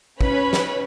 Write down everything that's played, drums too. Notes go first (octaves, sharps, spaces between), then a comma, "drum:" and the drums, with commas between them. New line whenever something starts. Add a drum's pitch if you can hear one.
C#4 B4 C#5 B5, drum: kick
drum: snare